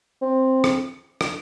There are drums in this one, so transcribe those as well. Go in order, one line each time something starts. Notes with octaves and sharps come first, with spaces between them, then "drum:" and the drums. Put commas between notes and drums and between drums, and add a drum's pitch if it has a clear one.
C4
drum: rim click
drum: rim click